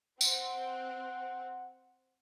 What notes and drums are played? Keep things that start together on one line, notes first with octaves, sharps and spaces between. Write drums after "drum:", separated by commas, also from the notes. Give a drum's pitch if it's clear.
C4 F#5, drum: tambourine